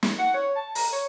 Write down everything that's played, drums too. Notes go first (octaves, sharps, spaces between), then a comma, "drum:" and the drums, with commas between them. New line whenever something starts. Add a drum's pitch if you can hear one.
drum: snare
F#5
C#5
A5
A#5, drum: open hi-hat
C#5